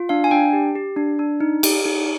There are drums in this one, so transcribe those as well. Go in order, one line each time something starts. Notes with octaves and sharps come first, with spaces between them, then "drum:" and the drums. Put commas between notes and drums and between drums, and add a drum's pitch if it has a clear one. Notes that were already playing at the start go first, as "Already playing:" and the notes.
Already playing: F4
D4 F5
G#5
D4 G5
G4
G4
D4
D4
D#4
G4, drum: cymbal
D#4